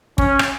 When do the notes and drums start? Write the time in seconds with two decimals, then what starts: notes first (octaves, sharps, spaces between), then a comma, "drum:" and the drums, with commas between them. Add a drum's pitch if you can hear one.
0.18 C#4, drum: kick
0.39 drum: rim click